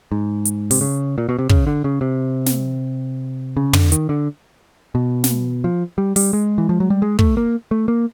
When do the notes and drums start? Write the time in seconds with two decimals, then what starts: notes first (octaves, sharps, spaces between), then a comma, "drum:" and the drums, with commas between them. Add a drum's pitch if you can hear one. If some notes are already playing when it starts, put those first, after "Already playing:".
0.12 G#2
0.45 drum: hi-hat
0.71 C3, drum: open hi-hat
0.81 C#3
1.18 A#2
1.29 B2
1.39 C3
1.49 C#3, drum: kick
1.67 D3
1.84 C#3
2.01 C3
2.46 drum: snare
3.57 C#3
3.73 D3, drum: tom
3.92 D#3, drum: hi-hat
4.09 D3
4.95 B2
5.24 drum: snare
5.64 F3
5.98 G3
6.16 G3, drum: open hi-hat
6.33 G#3
6.58 E3
6.69 F3
6.80 F#3
6.90 G3
7.02 G#3
7.19 A3, drum: kick
7.37 A#3
7.71 A3
7.88 A#3